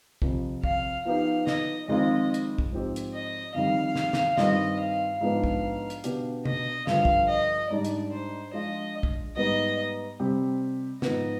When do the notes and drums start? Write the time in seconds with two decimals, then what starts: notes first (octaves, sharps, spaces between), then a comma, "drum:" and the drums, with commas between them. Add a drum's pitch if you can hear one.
0.22 F2 C3 F3, drum: kick
0.64 F5, drum: kick
1.05 F3 B3 D#4 G4 F5
1.47 D#5, drum: snare
1.88 F2 D#3 G#3 C4 F4 D#5
2.34 drum: hi-hat
2.59 drum: kick
2.71 G#2 F3 C4 G4
2.96 drum: hi-hat
3.13 D#5
3.54 F2 D#3 G3 F5
3.96 drum: snare
4.13 drum: snare
4.38 G2 D#3 G3 C4 F4 D#5, drum: snare
4.79 F5
5.20 G#2 F3 G#3 B3 D4 F5
5.44 drum: kick
5.90 drum: hi-hat
6.04 B2 B3 D4 G4, drum: hi-hat
6.45 D#5, drum: tom
6.87 G2 D3 F3 F5, drum: snare
7.05 drum: kick
7.28 D#5
7.70 G#2 G3 D4 D5
7.85 drum: hi-hat
8.12 C5
8.53 F3 G#3 D4 F4 D#5
9.03 drum: kick
9.36 G#2 G3 B3 D#5
10.20 C3 G3 C4 G4
11.02 G#2 F3 B3 D#5, drum: snare